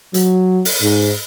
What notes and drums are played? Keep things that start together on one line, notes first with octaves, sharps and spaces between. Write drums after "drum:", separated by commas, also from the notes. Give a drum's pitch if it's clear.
F#3, drum: hi-hat
drum: open hi-hat
G#2